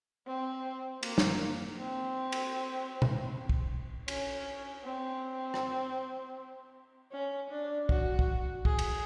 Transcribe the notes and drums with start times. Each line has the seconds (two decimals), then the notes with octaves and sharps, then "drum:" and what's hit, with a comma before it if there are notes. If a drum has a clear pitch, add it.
0.27 C4
1.03 A#3, drum: cymbal
1.18 drum: snare
1.79 C4
2.32 drum: cymbal
3.02 drum: tom B2
3.49 drum: kick
4.08 C#4, drum: cymbal
4.84 C4
5.54 drum: rim click
7.12 C#4
7.51 D4
7.89 F#4, drum: kick
8.19 drum: kick
8.65 G#4, drum: kick
8.79 drum: cymbal